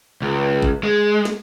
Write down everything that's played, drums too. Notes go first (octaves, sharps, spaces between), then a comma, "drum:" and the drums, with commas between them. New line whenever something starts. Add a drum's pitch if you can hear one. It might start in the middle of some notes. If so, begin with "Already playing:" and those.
C#2
drum: kick G1
G#3
drum: snare